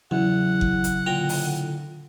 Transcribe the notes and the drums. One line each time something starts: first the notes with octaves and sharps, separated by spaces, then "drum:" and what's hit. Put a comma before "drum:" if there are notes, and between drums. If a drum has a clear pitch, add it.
E2 C#3 F#3 E4 F#5
drum: kick F#1
drum: hi-hat
A#2 D3 G5 A#5
drum: open hi-hat